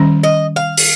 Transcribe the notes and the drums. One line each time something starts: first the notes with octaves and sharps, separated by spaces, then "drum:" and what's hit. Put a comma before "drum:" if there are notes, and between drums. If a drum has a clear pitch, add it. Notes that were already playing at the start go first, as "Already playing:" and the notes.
Already playing: D#3 G3 C#4
D#5
F5
drum: open hi-hat